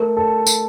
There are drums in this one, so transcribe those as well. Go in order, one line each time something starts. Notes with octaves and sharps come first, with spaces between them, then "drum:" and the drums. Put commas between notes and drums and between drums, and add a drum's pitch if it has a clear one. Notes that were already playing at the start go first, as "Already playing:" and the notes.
Already playing: A3 A#4
A4
drum: tambourine